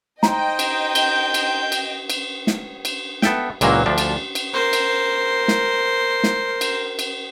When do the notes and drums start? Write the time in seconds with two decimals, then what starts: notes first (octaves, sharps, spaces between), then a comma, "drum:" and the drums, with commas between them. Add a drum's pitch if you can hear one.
0.23 D#4 C5 D#5 G5 A#5, drum: snare
0.59 drum: cymbal
0.95 G6, drum: cymbal
1.34 drum: cymbal
1.72 drum: cymbal
2.10 drum: cymbal
2.47 drum: snare
2.85 drum: cymbal
3.22 B3 A4 E5 G5, drum: snare
3.61 C#2 A#2 E3 F#3 A#3, drum: cymbal
3.86 D2 F3 D4
3.98 drum: cymbal
4.35 drum: cymbal
4.53 A#4 C5
4.73 drum: cymbal
5.48 drum: snare
6.23 drum: snare
6.61 drum: cymbal
6.99 drum: cymbal